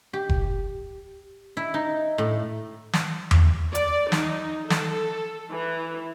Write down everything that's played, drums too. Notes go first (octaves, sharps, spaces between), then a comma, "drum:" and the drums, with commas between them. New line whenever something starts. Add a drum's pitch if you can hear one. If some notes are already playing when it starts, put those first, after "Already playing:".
G4
drum: kick F1
E4
D#4
A2
drum: snare
drum: tom E2
D5, drum: hi-hat
D#4, drum: snare
A4, drum: snare
E3